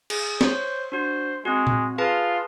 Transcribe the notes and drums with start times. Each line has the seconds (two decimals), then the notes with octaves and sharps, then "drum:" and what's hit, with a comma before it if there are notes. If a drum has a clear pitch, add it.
0.10 G#4, drum: cymbal
0.41 C5 C#5 G6, drum: snare
0.92 D4 F#4 C5
1.45 G#3 C4 F#4
1.67 drum: tom A#2
1.98 F4 G#4 B4 A5